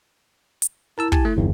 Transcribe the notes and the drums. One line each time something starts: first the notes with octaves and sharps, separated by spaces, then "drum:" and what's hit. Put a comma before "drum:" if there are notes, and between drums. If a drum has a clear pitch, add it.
drum: hi-hat
E4 A#4 A5 E6
G4 G#5 A5, drum: kick
A3
G1 E2 G2